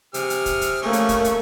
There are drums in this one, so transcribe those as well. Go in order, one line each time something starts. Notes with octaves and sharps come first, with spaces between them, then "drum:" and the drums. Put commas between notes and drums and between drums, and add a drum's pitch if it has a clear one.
C3 G#4 F6, drum: hi-hat
drum: hi-hat
drum: kick, hi-hat
drum: hi-hat
A3 A#3 C#4 G#4 C#6
drum: hi-hat
drum: kick, hi-hat
drum: hi-hat